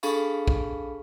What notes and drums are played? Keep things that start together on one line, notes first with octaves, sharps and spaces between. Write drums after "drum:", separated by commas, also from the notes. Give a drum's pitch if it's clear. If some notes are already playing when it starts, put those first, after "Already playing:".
D4 G#4 A4 F5 B5 C#6, drum: tambourine
drum: kick A#1